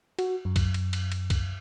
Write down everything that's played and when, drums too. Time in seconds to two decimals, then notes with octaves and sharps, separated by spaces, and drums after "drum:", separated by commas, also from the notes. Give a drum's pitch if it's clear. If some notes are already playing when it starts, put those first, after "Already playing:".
0.19 F#4, drum: cymbal
0.45 F#2
0.56 drum: kick B1, cymbal
0.74 drum: cymbal
0.93 drum: cymbal
1.12 drum: cymbal
1.30 drum: kick B1, cymbal